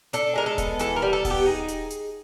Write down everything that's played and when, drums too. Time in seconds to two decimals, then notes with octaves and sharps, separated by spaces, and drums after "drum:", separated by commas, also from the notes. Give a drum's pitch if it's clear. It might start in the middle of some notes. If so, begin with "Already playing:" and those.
0.13 D4 A4, drum: hi-hat
0.36 G#3 A#4
0.46 A4
0.58 B3, drum: kick D#1, hi-hat
0.79 E3 A4, drum: hi-hat
0.96 A#4
1.02 G3
1.13 A4
1.25 B3, drum: kick D#1, open hi-hat
1.30 G4
1.46 D#4 G#4
1.68 drum: hi-hat
1.90 drum: hi-hat